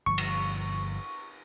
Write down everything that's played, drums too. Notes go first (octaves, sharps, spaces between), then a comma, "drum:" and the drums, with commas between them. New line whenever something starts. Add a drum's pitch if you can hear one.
G1 F3 C#6
drum: cymbal